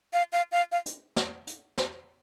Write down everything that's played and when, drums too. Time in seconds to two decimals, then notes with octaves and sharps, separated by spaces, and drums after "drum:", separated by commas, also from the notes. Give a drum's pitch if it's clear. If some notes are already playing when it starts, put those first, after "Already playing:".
0.13 F5
0.33 F5
0.52 F5
0.72 F5
0.86 drum: hi-hat
1.16 drum: snare
1.47 drum: hi-hat
1.78 drum: snare